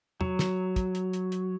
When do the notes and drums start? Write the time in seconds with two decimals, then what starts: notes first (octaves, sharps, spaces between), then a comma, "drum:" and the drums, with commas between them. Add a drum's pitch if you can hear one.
0.21 F#3, drum: tom
0.39 drum: snare
0.76 drum: kick, hi-hat
0.95 drum: hi-hat
1.13 drum: hi-hat
1.32 drum: hi-hat